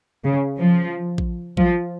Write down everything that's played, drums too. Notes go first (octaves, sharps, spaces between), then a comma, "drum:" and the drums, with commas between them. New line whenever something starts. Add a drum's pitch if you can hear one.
C#3
F3
drum: kick A1
F3, drum: kick A1